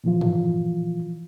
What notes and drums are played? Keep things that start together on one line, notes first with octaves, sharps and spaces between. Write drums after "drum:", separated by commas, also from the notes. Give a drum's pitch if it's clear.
A#2 E3 F3 F4
drum: tom G2